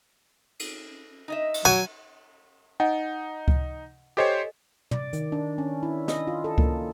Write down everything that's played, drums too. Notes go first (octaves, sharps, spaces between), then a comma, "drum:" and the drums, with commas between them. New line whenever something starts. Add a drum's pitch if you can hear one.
drum: cymbal
D#4 D#5 E5
drum: cymbal
F#3 F#4 G#5
D#4 D#5 F#5 G#5
drum: kick C#2
G4 A4 C5 C#5 D#5 G#5
D5, drum: tom
D#3, drum: hi-hat
D4
C#4
E4
D#5, drum: snare
F4
A4
A#3, drum: kick C#2